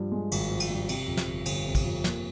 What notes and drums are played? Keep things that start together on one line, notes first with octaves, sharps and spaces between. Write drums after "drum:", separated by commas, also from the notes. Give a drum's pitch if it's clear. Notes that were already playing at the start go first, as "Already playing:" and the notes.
Already playing: G2 F3
G#3
G#1, drum: cymbal
F3
drum: cymbal
G2
C3, drum: cymbal
F2
drum: snare
G1
G1, drum: cymbal
C3
drum: kick, cymbal
F2
A#3, drum: snare